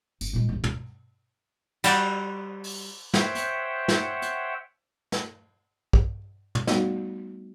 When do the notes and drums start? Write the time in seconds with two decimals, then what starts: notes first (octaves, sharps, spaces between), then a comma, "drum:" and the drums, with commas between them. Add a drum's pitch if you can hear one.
0.21 F#1, drum: tambourine
0.33 A#2 G#3
0.49 A1 E2
0.64 D2, drum: tom
1.84 G3 F#4 D5, drum: cymbal
2.64 drum: open hi-hat
3.14 C5 C#5 E5 F#5 G5, drum: snare
3.35 drum: hi-hat
3.88 drum: snare
4.22 drum: hi-hat
5.12 drum: snare
5.93 drum: kick
6.55 drum: tom
6.67 G3 A3 B3 D#4 F#4 C#5, drum: snare